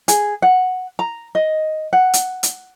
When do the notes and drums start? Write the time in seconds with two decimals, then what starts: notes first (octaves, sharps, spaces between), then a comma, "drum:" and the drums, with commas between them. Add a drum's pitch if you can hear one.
0.08 G#4, drum: hi-hat
0.42 F#5
0.99 A#5
1.35 D#5
1.93 F#5
2.13 drum: hi-hat
2.43 drum: hi-hat